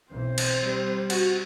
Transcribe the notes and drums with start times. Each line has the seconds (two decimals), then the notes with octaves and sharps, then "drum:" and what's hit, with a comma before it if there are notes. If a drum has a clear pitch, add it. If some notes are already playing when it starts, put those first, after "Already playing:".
0.11 B1 E3 C4 C5
0.38 drum: cymbal
0.61 G3
1.10 F#4, drum: cymbal